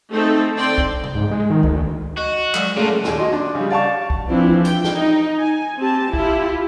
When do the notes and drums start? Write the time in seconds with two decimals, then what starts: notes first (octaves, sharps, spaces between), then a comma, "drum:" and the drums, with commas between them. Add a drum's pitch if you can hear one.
0.10 A3 C4 D#4 A4
0.56 D3 C4 D5 G5 C6
0.78 drum: kick
1.04 drum: tom C3
1.15 G#2
1.31 G#3
1.50 D#3
1.63 D2, drum: kick
2.17 F#4 D#5
2.55 F#3 G#3 D5, drum: clap
2.77 A#2 C#3 A3 F5
3.04 D#2 A#2, drum: snare
3.19 F#4 D#5 C6
3.33 D4
3.55 C#3 G3
3.71 D5 F5 A5 C#6
4.10 drum: kick
4.28 E3 F3 C4 D4 E4
4.65 G5, drum: hi-hat
4.84 drum: snare
4.94 D#4
5.39 G#5
5.78 C4 G4 A5
6.13 E4 F4 G4, drum: kick